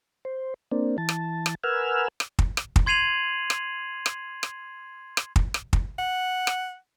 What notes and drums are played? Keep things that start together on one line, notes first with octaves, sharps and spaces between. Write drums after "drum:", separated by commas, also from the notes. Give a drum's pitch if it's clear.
C5
A#3 C4 D4
E3 A5
drum: rim click
drum: rim click
A#4 B4 F#5 G#5 E6 F6
drum: rim click
drum: kick
drum: rim click
drum: kick
C6 G#6 C7 D#7 F7 F#7
drum: rim click
drum: rim click
drum: rim click
drum: rim click
drum: kick
drum: rim click
drum: kick
F#5
drum: rim click